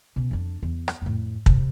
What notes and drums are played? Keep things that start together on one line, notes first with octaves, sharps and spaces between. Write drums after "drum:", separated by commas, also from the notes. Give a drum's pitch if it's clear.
B2 C#4
F2 D4
E2
drum: rim click
F2 A2
C3, drum: kick